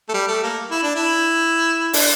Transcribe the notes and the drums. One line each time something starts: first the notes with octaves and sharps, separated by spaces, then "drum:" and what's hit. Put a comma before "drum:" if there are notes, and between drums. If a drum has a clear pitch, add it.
A3
G3
A3
A#3
E4
D4
E4
D4, drum: open hi-hat